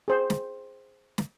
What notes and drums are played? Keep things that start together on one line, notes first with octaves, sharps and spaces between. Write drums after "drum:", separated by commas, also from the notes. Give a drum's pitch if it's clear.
G#4 C5
drum: snare
drum: snare